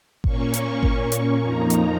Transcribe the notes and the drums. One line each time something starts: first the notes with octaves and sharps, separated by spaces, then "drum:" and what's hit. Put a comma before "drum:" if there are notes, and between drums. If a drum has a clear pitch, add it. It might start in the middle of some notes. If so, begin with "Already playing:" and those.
A#2 A#3 C#4 C#6, drum: kick G#1
drum: hi-hat
drum: kick G#1
C#6, drum: hi-hat
F2 F3 A#3 D#4 A#5
drum: hi-hat